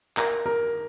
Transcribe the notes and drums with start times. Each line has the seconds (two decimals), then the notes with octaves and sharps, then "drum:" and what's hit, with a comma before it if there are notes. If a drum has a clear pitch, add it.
0.17 A#4, drum: clap
0.46 A#4